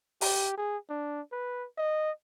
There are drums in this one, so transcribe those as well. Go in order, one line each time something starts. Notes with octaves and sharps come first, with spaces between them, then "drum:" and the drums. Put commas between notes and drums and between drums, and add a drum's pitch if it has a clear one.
G4, drum: open hi-hat
G#4
D4
B4
D#5